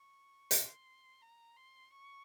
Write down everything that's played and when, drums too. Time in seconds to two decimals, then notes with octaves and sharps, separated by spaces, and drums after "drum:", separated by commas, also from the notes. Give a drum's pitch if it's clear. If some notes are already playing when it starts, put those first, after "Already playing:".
Already playing: C#6
0.51 C6, drum: hi-hat
1.22 A#5
1.57 C6
1.91 C#6